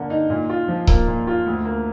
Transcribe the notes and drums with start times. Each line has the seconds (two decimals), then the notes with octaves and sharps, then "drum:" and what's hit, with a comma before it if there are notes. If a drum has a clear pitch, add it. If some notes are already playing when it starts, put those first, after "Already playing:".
Already playing: D3 A#3
0.10 D#4
0.30 A#2
0.50 F4
0.68 F3
0.87 A#3, drum: kick C#1
1.07 A#2
1.27 F4
1.46 D2
1.65 A#3